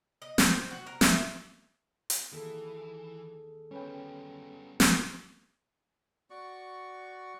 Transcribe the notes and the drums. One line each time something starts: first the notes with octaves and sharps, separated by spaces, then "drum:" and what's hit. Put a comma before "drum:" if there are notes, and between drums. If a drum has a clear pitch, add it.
D#5
C4, drum: snare
F#4
A#4
E5, drum: snare
drum: hi-hat
D#2 E3 G#4 A4
G3 B3 C#4 B4 G5
drum: snare
F#4 D5 C#6